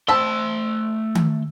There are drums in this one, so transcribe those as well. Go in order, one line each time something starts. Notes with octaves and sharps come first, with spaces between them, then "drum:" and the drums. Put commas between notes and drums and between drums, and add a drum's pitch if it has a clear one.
A3 C4 A5 B5 C6 E6
drum: tom D#3